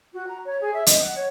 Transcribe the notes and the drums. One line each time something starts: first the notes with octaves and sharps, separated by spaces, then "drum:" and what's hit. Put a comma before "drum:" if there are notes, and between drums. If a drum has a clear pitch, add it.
F#4
A#5
C#5
G#4
E5
D#5, drum: hi-hat
F#5
C#5